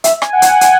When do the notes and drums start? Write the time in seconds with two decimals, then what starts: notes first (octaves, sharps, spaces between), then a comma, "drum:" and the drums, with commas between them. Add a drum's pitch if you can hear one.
0.04 E5, drum: hi-hat
0.22 G#5, drum: rim click
0.33 F#5
0.42 drum: hi-hat
0.61 G#5, drum: hi-hat